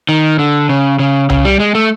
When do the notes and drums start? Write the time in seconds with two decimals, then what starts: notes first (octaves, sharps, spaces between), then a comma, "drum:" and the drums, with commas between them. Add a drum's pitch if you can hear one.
0.09 D#3
0.39 D3
0.69 C#3
0.99 C#3
1.30 C#3, drum: tom C2
1.45 G3
1.60 G#3
1.75 A3